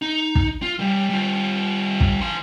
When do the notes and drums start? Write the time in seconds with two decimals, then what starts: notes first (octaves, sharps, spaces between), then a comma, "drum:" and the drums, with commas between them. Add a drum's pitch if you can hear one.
0.02 D#4
0.35 drum: kick
0.62 F4
0.79 E3 G3
1.10 G3 F4
2.00 drum: kick
2.21 E3 C6